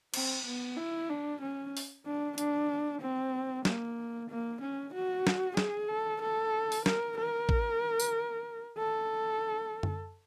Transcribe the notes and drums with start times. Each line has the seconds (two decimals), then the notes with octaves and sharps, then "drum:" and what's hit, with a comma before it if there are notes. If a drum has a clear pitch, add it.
0.14 C4, drum: cymbal
0.46 B3
0.77 E4
1.09 D4
1.42 C#4
1.77 drum: open hi-hat
2.06 D4
2.38 D4, drum: hi-hat
3.02 C4
3.65 A#3, drum: snare
4.30 A#3
4.62 C#4
4.94 F#4
5.27 drum: snare
5.57 G#4, drum: snare
5.89 A4
6.22 A4
6.72 drum: open hi-hat
6.86 A#4, drum: snare
7.18 A#4
7.49 drum: kick A1
8.00 drum: tambourine
8.78 A4
9.83 drum: tom F#2